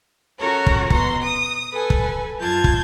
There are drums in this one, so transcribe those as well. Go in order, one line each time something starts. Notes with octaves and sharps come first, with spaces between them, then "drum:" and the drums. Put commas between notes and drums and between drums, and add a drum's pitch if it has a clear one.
C#4 F#4 A4 A#4 C#5
drum: kick
B2 F#4 A#5 C6, drum: kick
D#6
A4 B4 G#5
drum: kick
F#2 F4 A5 G6 G#6
drum: kick